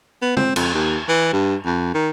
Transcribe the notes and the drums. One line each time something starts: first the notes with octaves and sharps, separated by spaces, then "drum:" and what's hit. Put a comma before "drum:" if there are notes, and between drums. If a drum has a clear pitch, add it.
B3
C4, drum: tom
F2, drum: cymbal
D#2
E3
G2
F2
D#3